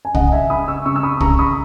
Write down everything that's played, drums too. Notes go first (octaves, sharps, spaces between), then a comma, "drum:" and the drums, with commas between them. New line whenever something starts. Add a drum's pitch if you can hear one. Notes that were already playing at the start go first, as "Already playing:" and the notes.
G#5
C#3 D#5 F#5, drum: kick
E5 G#5
C#3 B5 D#6
C#6 E6
C#3 C#6 E6
E6
B5 D#6
C#3 A#5 C#6, drum: kick
B5 D#6